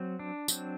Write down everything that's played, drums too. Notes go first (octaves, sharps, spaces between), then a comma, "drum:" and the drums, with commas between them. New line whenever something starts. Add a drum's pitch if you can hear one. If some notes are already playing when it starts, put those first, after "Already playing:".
Already playing: F#3 C4
D4
F#3 C4, drum: tambourine